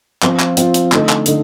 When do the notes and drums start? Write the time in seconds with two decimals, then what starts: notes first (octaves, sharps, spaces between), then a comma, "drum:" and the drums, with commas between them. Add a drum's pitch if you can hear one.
0.23 F3 C4 F4, drum: clap
0.40 drum: clap
0.57 F3 C4 F4, drum: hi-hat
0.74 drum: hi-hat
0.92 D3 A3 D#4 A4 D#5, drum: clap
1.09 drum: clap
1.26 D3 A3 D#4 A4 D#5, drum: hi-hat